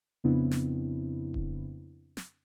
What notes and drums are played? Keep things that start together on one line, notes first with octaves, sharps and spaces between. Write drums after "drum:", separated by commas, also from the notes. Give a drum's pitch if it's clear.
F2 C#3 B3 C4 D4 E4
drum: snare
drum: kick D#1
drum: snare